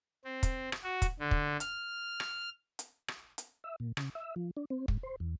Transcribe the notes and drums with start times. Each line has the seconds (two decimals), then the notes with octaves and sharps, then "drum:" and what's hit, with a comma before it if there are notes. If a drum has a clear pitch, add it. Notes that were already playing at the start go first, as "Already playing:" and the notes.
0.24 C4
0.43 drum: kick, hi-hat
0.72 drum: rim click
0.83 F#4
1.02 drum: kick, hi-hat
1.19 D3
1.31 drum: kick
1.60 F6, drum: hi-hat
2.20 drum: rim click
2.79 drum: hi-hat
3.08 drum: rim click
3.38 drum: hi-hat
3.64 E5
3.80 A#2
3.97 C#3, drum: rim click
4.15 E5
4.36 F3
4.57 D4
4.70 C4
4.88 G#2, drum: kick
5.03 C5
5.20 E2